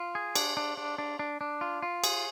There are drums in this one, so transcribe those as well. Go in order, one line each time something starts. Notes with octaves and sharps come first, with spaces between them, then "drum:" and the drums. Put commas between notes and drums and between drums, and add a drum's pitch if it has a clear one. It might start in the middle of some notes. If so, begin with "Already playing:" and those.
Already playing: F4
G#4
D4, drum: cymbal
D4
D4
D4
D4
D4
F4
F4
G#4, drum: cymbal